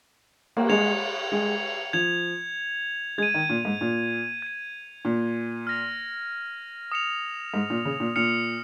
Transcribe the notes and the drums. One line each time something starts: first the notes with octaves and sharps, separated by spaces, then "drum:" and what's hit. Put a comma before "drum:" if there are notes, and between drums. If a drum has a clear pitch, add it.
A#3, drum: cymbal
G#3 G#6 C#7 F7
G#3
F3 G#6 F7
G#3 G#6 D#7
D#3
A#2
G#2
A#2
G#6 D#7
A#2
F6 A#6 F7
D#6 C#7 F7
G#2
A#2
C#3
A#2
A#2 F6 C#7 F7